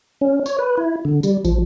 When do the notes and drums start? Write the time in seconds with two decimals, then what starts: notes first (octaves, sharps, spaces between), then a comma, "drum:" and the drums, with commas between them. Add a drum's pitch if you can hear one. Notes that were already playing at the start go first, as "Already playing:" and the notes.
0.21 C#4
0.46 C#5, drum: tambourine
0.59 B4
0.77 E4
1.05 D3
1.23 G3, drum: tambourine
1.45 F3, drum: kick, tambourine